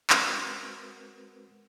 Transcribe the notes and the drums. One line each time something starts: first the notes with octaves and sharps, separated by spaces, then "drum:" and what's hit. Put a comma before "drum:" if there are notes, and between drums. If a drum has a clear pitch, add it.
G#3 C4 F#4 A#4 B4 F#5, drum: clap